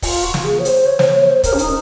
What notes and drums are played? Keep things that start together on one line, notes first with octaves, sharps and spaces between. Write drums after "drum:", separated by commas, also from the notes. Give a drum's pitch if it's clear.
F4, drum: kick, open hi-hat
F#4
drum: snare
G#4
C#5
C5, drum: hi-hat
C#5
C5, drum: snare
C#5
C5
A#4, drum: kick, hi-hat
C#4
D#4, drum: hi-hat